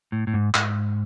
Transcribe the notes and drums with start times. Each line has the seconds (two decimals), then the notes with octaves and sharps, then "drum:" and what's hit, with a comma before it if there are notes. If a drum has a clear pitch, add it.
0.12 A2
0.27 A2
0.34 G#2
0.55 G#2, drum: clap